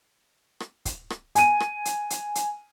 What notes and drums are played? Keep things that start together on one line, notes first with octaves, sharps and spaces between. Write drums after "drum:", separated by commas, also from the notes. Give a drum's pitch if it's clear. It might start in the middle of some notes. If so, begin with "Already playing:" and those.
drum: rim click
drum: kick, hi-hat
drum: rim click
G#5 D#7, drum: hi-hat
drum: rim click
drum: hi-hat
drum: hi-hat
drum: hi-hat